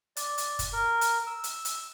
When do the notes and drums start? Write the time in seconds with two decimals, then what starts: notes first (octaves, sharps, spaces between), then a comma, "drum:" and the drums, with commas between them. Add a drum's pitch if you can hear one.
0.16 D5, drum: hi-hat
0.38 drum: hi-hat
0.59 drum: kick, hi-hat
0.73 A#4
1.01 drum: hi-hat
1.27 E6
1.44 drum: hi-hat
1.65 drum: hi-hat